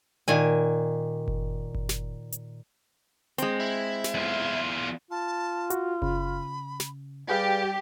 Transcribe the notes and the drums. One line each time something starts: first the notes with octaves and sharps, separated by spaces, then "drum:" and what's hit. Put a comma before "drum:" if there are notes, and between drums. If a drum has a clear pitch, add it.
A#2 D#3 G#5
drum: kick F#1
drum: kick F#1
drum: snare
drum: hi-hat
G#3 C4, drum: hi-hat
E4
drum: snare
E2 F4
F4 A5
F#4, drum: hi-hat
C#3 B5, drum: kick F#1
drum: snare
G3 G4 G#4 B4 D5 F5